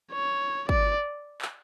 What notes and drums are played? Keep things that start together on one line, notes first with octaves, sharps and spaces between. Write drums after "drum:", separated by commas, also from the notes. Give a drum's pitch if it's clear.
C#5
D5, drum: kick
drum: clap